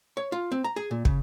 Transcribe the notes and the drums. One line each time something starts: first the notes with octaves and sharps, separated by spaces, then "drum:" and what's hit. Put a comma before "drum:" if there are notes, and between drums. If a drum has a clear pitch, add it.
C#5
F4
C4
A#5
G#4
A#2
C#3, drum: kick